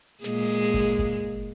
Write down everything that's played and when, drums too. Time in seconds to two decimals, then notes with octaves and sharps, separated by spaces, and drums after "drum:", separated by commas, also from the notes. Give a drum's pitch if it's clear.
0.24 A#2 G#3, drum: snare
0.74 drum: kick G1
0.99 drum: kick G1